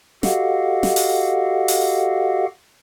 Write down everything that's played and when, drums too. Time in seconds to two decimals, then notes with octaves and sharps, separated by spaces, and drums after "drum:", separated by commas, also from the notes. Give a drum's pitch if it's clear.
0.23 F#4 G4 A4 D#5 F5 F#5, drum: snare
0.83 drum: snare
0.96 drum: open hi-hat
1.68 drum: open hi-hat